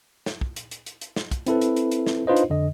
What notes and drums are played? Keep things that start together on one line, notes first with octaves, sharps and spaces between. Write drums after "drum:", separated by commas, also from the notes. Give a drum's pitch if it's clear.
drum: snare
drum: kick
drum: hi-hat
drum: hi-hat
drum: hi-hat
drum: hi-hat
drum: snare
drum: kick, hi-hat
C4 E4 A4 B4, drum: hi-hat
drum: hi-hat
drum: hi-hat
drum: hi-hat
drum: snare
D4 D#4 F4 B4 C5 D#5
drum: hi-hat
F2 D3 D#5